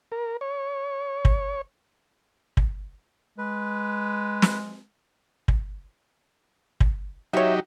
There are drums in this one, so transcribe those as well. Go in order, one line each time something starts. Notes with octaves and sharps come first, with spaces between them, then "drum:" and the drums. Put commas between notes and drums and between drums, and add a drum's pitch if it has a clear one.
A#4
C#5
drum: kick
drum: kick
G#3 B4
drum: snare
drum: kick
drum: kick
F#3 D#4 G4 C#5 E5